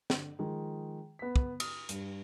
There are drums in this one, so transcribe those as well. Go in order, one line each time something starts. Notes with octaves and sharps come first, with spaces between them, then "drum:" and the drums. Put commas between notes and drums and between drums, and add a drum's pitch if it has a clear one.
D3, drum: snare
D#3 F3 G#3
B3 B6
drum: kick
D#6 F6, drum: cymbal
G2, drum: hi-hat